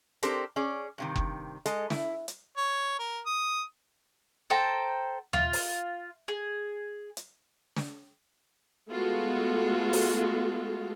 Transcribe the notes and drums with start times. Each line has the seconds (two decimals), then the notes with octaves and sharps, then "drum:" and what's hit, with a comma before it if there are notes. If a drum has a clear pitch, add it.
0.23 C4 D4 G4 A4 A#4 C5, drum: hi-hat
0.56 C#4 G#4 D5
0.98 G2 C3 D#3
1.16 drum: kick F#1
1.66 G#3 A4 D#5, drum: hi-hat
1.90 E4, drum: snare
2.28 drum: hi-hat
2.57 C#5
2.99 A#4
3.26 D#6
4.50 A4 C5 G5 A#5
5.33 F4, drum: tom D#2
5.53 drum: open hi-hat
6.28 G#4
7.17 drum: hi-hat
7.76 drum: snare
8.90 G#3 A3 B3 F4 F#4 A4
9.93 drum: open hi-hat